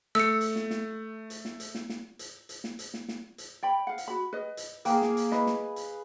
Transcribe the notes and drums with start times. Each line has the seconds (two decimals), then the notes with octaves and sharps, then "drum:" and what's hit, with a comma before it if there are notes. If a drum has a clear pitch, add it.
0.15 A3 E6 C#7
0.41 drum: hi-hat
0.56 drum: snare
0.70 drum: snare
1.30 drum: hi-hat
1.45 drum: snare
1.60 drum: hi-hat
1.75 drum: snare
1.89 drum: snare
2.19 drum: hi-hat
2.49 drum: hi-hat
2.64 drum: snare
2.79 drum: hi-hat
2.94 drum: snare
3.09 drum: snare
3.38 drum: hi-hat
3.63 D5 G5 B5
3.87 F5 F#5
3.98 drum: hi-hat
4.08 F#4 B5
4.33 B4 D#5
4.57 drum: hi-hat
4.85 A#3 G#4 B4 G5, drum: hi-hat
5.02 drum: snare
5.17 drum: hi-hat
5.32 B4 D#5, drum: snare
5.47 drum: snare
5.76 drum: hi-hat